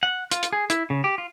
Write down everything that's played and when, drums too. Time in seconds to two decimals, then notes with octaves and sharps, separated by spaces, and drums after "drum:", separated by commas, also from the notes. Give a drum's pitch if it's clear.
0.03 F#5
0.31 F4, drum: hi-hat
0.43 drum: hi-hat
0.53 G#4
0.70 E4, drum: hi-hat
0.90 C#3
1.04 G4
1.18 F4